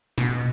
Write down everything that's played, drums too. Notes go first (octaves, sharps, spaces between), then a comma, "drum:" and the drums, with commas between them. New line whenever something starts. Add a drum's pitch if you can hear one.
B2, drum: snare